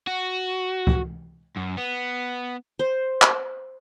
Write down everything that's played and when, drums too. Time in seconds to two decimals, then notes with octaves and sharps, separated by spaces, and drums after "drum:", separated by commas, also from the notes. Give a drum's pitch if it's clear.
0.07 F#4
0.87 drum: kick C#2
1.56 F#2
1.77 B3
2.79 C5
3.22 drum: clap